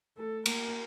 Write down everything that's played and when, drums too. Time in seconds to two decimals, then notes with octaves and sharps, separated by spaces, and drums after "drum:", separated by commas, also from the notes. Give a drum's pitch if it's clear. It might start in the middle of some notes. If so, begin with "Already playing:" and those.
0.17 A3 A4
0.46 A#3 A#4, drum: cymbal
0.68 A#3